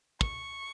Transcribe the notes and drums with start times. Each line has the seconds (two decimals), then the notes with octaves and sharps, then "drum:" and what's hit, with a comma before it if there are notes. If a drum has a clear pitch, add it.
0.21 C#6, drum: kick